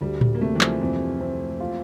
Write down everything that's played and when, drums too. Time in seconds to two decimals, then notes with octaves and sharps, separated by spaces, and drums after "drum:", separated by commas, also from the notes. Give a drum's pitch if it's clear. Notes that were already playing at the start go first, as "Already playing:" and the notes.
0.01 D2 G3
0.21 G3, drum: tom A2
0.35 A#3
0.41 C3 A3
0.55 E3
0.61 F3, drum: clap
0.81 F2 E3
1.21 C4
1.60 F4